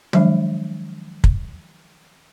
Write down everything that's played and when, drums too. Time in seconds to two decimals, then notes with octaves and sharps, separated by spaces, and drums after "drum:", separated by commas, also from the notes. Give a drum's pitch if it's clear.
0.13 D#3 F3 F#3 G#3 D4, drum: tom
1.24 drum: kick